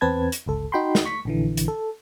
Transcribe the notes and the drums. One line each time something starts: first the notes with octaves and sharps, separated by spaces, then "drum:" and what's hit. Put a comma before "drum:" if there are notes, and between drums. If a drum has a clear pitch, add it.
E2 C4 B4 A5 G#6
drum: hi-hat
G1 C#2 A4
D#4 F#4 G5 B5 C6
drum: snare
C#6 B6
A#1 D3 E3
drum: hi-hat
A4